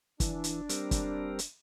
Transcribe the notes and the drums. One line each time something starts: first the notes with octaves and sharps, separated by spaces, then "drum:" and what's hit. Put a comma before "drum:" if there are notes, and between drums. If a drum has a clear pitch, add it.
E3 D4, drum: kick, hi-hat
drum: hi-hat
G3 C4 A#4, drum: hi-hat
drum: kick, hi-hat
drum: hi-hat